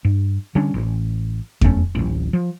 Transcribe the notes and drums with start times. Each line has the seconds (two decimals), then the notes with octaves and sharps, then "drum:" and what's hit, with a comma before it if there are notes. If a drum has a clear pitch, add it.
0.05 G2
0.55 D3 G3 C#4 D4
0.74 A1
1.61 E1 E2 A3 C#4, drum: kick F2
1.95 D1 A1
2.33 F3